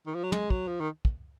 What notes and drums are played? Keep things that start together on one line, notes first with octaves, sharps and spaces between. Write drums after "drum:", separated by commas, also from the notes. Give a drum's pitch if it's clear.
D#3
F3
F#3
G#3, drum: tom
F#3, drum: kick
F3
D#3
drum: kick